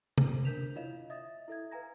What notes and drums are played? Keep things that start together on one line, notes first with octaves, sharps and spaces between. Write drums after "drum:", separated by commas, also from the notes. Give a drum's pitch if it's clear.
C5, drum: tom
D4 A#4 G6 B6 E7 F7
E4 F4 C#5 D#5 F5 E7
D#5 E5 D#6 A6
E4 A4 E5 G#6
B4 F5 G#5 A#5 A#6